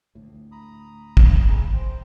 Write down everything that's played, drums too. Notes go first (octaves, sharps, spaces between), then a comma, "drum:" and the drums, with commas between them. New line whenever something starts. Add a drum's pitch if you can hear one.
D2 A2
A#5 B5 D#6
drum: kick
E4 G#4 A#5
C5 G5